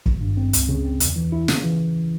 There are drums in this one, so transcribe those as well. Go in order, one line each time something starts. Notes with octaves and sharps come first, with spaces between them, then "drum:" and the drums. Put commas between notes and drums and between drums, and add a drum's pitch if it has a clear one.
G#1, drum: kick
G2
C4
C#2, drum: hi-hat
C#3
C4
E2, drum: hi-hat
E3
E4
C#3, drum: snare
E3